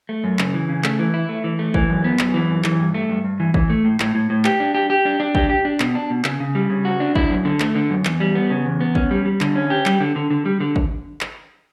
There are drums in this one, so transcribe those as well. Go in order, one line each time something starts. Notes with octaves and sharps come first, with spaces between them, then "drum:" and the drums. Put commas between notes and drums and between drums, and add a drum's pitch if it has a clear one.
A3
F#2
C#3, drum: clap
E3
C#3
A3, drum: clap
E3
E4
A3
E3
A3
E3, drum: kick G#1
F#2
B3
F#2, drum: clap
E3
F#2
E3, drum: clap
G2
A3
G2
G2
E3
E3, drum: kick G#1
A3
A2
A2, drum: clap
A2
A2
G4, drum: clap
D4
G4
G4
D4
D4
G4, drum: kick G#1
G4
D4
B2, drum: clap
D4
B2
C#3, drum: clap
C#3
G3
C#3
F#4
D4
E4, drum: kick G#1
F#2
D3
A3, drum: clap
D3
F#2
E2, drum: clap
G3
B3
C#3
E2
B3
C#4, drum: kick G#1
G3
G3
D3, drum: clap
C#4
G4
G3, drum: clap
D3
D3
D3
G3
D3
drum: kick G#1
drum: clap